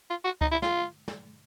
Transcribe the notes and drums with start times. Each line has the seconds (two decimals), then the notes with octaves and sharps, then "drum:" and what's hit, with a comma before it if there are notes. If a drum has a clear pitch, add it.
0.10 F4
0.24 F#4
0.41 D#4, drum: kick C#2
0.52 E4
0.62 F4, drum: snare
1.08 drum: snare